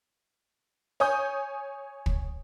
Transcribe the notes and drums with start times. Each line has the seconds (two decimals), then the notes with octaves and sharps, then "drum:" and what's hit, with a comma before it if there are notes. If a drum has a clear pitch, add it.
1.00 C#5 G#5 D#6 G6
2.06 drum: kick